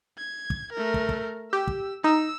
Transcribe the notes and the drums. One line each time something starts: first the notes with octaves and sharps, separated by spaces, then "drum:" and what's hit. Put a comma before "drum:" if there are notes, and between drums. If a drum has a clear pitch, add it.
G#6
drum: kick
A3 A#4
drum: kick
drum: kick
G4 E6
drum: kick
D#4 E6